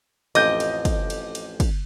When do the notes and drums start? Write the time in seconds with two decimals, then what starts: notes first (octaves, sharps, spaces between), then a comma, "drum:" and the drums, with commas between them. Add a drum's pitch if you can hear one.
0.35 A1 F2 D#5 D6 G6, drum: cymbal
0.60 drum: cymbal
0.85 drum: kick, cymbal
1.10 drum: cymbal
1.35 drum: cymbal
1.60 drum: kick, cymbal